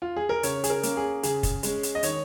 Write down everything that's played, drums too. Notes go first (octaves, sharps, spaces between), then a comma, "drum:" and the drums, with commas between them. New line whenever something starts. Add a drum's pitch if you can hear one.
F4
G#4
A#4
C#3 C#5, drum: hi-hat
G#4, drum: hi-hat
A#4
A#3 C#4, drum: hi-hat
G#4
C#3 G#4, drum: hi-hat
drum: kick, hi-hat
G#3 C#4, drum: hi-hat
drum: hi-hat
D#5
D#3 C#5, drum: hi-hat